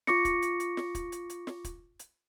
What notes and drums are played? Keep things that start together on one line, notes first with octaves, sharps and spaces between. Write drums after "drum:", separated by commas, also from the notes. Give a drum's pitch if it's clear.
F4 C#6 D6 A#6 C#7, drum: snare
drum: kick, hi-hat
drum: hi-hat
drum: hi-hat
drum: snare
drum: kick, hi-hat
drum: hi-hat
drum: hi-hat
drum: snare
drum: kick, hi-hat
drum: hi-hat